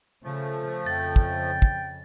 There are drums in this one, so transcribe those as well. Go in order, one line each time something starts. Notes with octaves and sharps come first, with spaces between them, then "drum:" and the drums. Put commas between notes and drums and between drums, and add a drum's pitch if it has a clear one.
C#3 F3 A3
F2 C#3 G5 A6
drum: kick
drum: kick